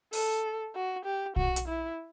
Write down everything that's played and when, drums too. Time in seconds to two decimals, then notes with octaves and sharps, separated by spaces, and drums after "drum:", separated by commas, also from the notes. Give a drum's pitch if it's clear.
0.13 A4, drum: open hi-hat
0.75 F#4
1.05 G4
1.36 F#4, drum: kick
1.56 drum: hi-hat
1.68 E4